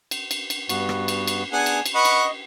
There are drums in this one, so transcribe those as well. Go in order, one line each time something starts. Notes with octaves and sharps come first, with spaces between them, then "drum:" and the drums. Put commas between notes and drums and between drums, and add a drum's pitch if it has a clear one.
drum: cymbal
drum: cymbal
drum: cymbal
G2 B3 F#4, drum: cymbal
drum: rim click
drum: cymbal
drum: cymbal
B3 D4 G#4 F#5 G#5
drum: cymbal
drum: cymbal
B4 D#5 F#5 C#6
drum: cymbal